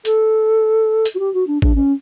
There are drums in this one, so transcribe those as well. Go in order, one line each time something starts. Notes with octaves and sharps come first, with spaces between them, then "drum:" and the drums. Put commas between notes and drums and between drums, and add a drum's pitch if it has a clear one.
A4, drum: hi-hat
drum: hi-hat
F#4
G4
F#4
D4
D4, drum: kick
C#4